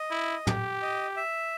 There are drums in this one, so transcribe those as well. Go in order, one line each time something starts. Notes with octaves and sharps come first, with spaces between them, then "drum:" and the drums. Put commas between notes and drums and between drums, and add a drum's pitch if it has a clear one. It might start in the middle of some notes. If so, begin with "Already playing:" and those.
Already playing: D#5
E4
G4, drum: tom
D#5
E5